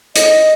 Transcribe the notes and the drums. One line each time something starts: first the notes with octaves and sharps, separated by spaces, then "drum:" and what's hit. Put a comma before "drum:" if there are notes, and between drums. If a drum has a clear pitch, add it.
D#5, drum: hi-hat